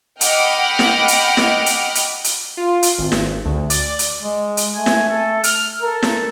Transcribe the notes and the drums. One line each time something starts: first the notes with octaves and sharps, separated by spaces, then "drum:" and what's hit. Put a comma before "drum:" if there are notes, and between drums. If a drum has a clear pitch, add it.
D#5 F#5 G5 B5 D6 F6, drum: hi-hat
drum: snare
drum: hi-hat
drum: snare
drum: hi-hat
drum: hi-hat
drum: hi-hat
F4
drum: hi-hat
G#1
drum: snare
D2
D5, drum: hi-hat
drum: hi-hat
G#3
drum: hi-hat
A3 G#5
drum: snare
A4
F6, drum: hi-hat
A4 A#4
drum: snare